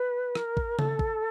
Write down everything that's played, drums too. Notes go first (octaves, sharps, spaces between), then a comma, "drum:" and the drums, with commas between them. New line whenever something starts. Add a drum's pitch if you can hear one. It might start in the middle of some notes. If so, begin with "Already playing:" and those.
Already playing: B4
A#4, drum: rim click
drum: kick
A4, drum: tom C#3
drum: kick